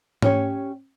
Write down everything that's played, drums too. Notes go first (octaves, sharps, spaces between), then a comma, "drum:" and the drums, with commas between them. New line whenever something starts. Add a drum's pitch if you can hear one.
C#4 G4 C#5, drum: tom G#2